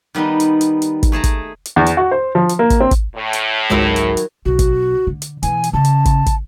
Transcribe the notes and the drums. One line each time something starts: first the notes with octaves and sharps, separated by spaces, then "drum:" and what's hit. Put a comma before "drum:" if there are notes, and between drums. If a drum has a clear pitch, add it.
D#3 G3 B3 D#4
drum: hi-hat
drum: hi-hat
drum: hi-hat
drum: kick, hi-hat
A3 G#4 A5 A#5
drum: kick, hi-hat
drum: hi-hat
E2
drum: hi-hat
F#4
C5
F3
drum: hi-hat
A#3
drum: kick, hi-hat
C4
drum: kick, hi-hat
A2
drum: hi-hat
G#1 C#2 D#3 F#3 G#3 E4
drum: hi-hat
drum: hi-hat
B1 F#4
drum: kick, hi-hat
D3
drum: hi-hat
B2 E3 G#5, drum: hi-hat
drum: hi-hat
C#3 A5
drum: hi-hat
drum: kick, hi-hat
drum: kick, hi-hat